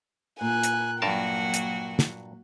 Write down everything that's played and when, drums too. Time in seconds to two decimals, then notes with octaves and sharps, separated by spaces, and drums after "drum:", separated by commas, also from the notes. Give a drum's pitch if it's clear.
0.41 A#2 G#5 F#6
0.63 drum: hi-hat
1.02 G2 F#3 A#3 F#4 A#4 G5 A5
1.54 drum: hi-hat
1.99 drum: snare